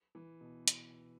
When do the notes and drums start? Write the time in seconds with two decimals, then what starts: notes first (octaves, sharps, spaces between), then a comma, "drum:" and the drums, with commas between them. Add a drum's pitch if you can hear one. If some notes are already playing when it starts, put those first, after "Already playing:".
0.15 E3
0.41 B2
0.68 drum: hi-hat